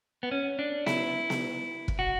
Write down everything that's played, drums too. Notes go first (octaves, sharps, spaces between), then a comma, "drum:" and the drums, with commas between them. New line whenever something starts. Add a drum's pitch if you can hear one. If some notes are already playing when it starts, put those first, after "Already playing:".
B3
C#4
D4
E4, drum: snare B3
drum: snare B3
drum: kick
F#4